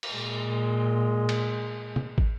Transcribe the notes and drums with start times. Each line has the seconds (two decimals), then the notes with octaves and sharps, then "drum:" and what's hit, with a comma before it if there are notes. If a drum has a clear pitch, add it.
0.03 drum: cymbal
0.12 A#2 G#3
1.29 drum: cymbal
1.96 drum: tom C3
2.18 drum: kick